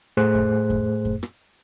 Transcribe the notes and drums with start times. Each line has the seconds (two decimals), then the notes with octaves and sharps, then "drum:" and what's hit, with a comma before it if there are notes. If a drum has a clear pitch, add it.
0.17 A2 A3 G#4 C5 F#6
0.35 drum: kick F2
0.70 drum: kick F2
1.05 drum: kick F2
1.23 drum: rim click